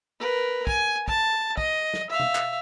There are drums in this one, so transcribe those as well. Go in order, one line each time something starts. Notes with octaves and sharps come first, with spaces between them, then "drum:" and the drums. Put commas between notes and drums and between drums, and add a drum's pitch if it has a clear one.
A#4 B4
G#5, drum: kick
A5, drum: kick
D#5, drum: kick
drum: snare
E5 F5
drum: tom B2
drum: clap